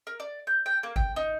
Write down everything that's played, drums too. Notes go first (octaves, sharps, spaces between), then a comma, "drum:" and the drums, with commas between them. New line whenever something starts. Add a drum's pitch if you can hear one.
A#4
D5
G6
G5
A#3
G5, drum: kick G1
D#4